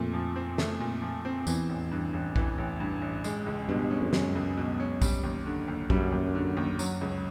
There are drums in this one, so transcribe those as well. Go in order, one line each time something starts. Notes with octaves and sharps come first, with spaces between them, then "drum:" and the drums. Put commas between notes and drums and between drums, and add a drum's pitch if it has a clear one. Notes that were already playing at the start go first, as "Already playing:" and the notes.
Already playing: F2 A#2 A3
F3
C4
A3, drum: snare
A#2
F3
C4
E2 E3, drum: tambourine
A1
G2
A1
E3, drum: kick A#1
A1
G2
A1
G#3, drum: tambourine
C#2
G2 B2
C#4
F2
F#2 G#3, drum: snare
C#2
B2
C#4
G3, drum: kick A#1, tambourine
D#2
D3
D#2
F#2 G3, drum: kick A#1
D#2
D3
D#2
F#3, drum: tambourine
C#2